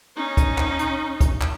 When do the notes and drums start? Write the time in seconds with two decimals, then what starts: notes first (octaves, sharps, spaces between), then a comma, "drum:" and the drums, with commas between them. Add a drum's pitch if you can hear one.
0.16 C#4 D#4
0.37 drum: kick, hi-hat
0.58 drum: clap
0.79 drum: hi-hat
1.21 drum: kick, hi-hat
1.41 drum: clap